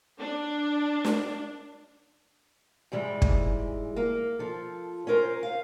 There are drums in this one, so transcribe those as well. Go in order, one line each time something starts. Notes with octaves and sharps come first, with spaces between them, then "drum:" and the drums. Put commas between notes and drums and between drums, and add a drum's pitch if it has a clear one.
D4
drum: snare
G#2 E3 G3 G#3
drum: kick
A#3
F3 A4
C#4 F4 A#4 C5
F5